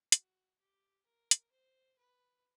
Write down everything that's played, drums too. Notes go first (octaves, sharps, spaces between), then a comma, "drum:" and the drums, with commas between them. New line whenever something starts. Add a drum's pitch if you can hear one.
F#4, drum: hi-hat
G4
A#4
drum: hi-hat
C5
B4